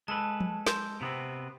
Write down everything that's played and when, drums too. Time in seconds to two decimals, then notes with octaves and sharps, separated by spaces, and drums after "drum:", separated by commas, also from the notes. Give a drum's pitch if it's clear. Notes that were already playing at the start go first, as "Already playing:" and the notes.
0.08 G#3 A4 B4 A5
0.40 drum: tom F3
0.67 C6 G6 E7, drum: snare
1.01 C3 B3 C4